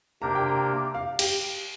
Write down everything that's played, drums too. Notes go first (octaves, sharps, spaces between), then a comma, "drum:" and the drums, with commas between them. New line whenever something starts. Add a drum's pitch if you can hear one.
C3 A#3 D4 G4 A#4 A#5
G5
A#5
F5
G4, drum: cymbal